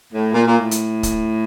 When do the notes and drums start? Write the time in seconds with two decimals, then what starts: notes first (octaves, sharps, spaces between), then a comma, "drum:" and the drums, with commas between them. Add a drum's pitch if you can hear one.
0.13 A2
0.33 A#2
0.46 A#2
0.55 A2
0.71 drum: hi-hat
1.03 drum: kick, hi-hat